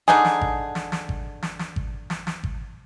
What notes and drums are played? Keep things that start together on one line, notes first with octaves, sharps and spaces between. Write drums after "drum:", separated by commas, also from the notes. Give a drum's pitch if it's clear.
D3 D#4 G#4, drum: snare
drum: snare
drum: kick G#1
drum: snare
drum: snare
drum: kick G#1
drum: snare
drum: snare
drum: kick G#1
drum: snare
drum: snare
drum: kick G#1